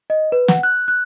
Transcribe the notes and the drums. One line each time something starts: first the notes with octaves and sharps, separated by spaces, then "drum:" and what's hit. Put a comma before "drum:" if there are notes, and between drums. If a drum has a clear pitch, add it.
D#5
B4
F#5, drum: snare
F#6
F#6